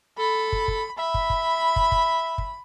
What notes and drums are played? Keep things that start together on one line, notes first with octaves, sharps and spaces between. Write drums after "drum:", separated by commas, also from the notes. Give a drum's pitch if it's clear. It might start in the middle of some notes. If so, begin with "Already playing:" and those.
A4 B5
drum: kick
drum: kick
E5 B5
drum: kick
drum: kick
drum: kick
drum: kick
drum: kick